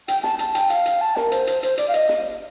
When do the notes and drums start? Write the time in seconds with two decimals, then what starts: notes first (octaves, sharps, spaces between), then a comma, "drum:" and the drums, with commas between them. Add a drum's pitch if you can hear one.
0.08 G5, drum: hi-hat
0.24 A5, drum: snare
0.39 A5, drum: hi-hat
0.55 G5, drum: hi-hat
0.70 F5, drum: hi-hat
0.86 drum: hi-hat
1.01 A5
1.16 A#4, drum: snare
1.32 C5, drum: hi-hat
1.47 drum: hi-hat
1.63 C5, drum: hi-hat
1.77 D5, drum: hi-hat
1.88 F5
1.94 D#5, drum: hi-hat
2.09 drum: snare